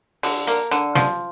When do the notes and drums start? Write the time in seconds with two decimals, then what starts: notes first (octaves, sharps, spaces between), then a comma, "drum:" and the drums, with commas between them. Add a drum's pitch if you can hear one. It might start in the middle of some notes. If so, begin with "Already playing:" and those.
0.23 D3, drum: open hi-hat
0.47 A#3, drum: hi-hat
0.71 D3, drum: hi-hat
0.95 F3, drum: snare